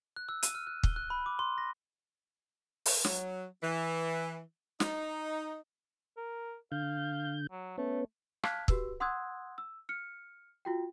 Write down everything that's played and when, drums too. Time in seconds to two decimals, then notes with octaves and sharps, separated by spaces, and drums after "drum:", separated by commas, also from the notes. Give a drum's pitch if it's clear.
0.16 F#6
0.29 E6
0.43 D#7, drum: hi-hat
0.55 F6
0.67 F#6
0.83 G7, drum: kick
0.96 F#6
1.10 B5
1.26 D6
1.39 C6
1.58 A#6
2.86 drum: open hi-hat
3.04 F#3, drum: snare
3.63 E3
4.80 D#4, drum: snare
6.17 A#4
6.72 D3 F5 G6
7.51 F#3
7.78 A3 B3 C#4
8.43 F5 A5 F6 F#6 G#6 B6, drum: rim click
8.68 F#4 G4 B4 E6, drum: kick
9.00 F#5 C6 D#6 E6 F#6 G#6
9.58 E6
9.89 F6 C#7
10.65 F4 F#4 G5